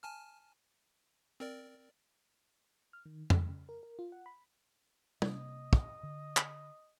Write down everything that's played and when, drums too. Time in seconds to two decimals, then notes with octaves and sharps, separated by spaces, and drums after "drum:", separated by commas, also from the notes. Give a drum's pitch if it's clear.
0.03 G#5 A5 F6
1.40 C4 A#4 D5
2.93 F6
3.05 D#3
3.30 D#3, drum: tom F2
3.49 C#3
3.69 A#4
3.83 A#4
3.99 F4
4.12 F#5
4.26 B5
5.22 C3 A#3 C4 D#5, drum: tom
5.73 drum: kick
6.03 D3
6.37 drum: clap